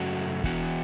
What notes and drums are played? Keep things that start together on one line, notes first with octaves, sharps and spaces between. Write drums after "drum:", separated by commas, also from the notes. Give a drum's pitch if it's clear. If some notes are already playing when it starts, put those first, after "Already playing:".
Already playing: F#2 C#3 F#3 A3 F#4
E3 B3 F#4, drum: kick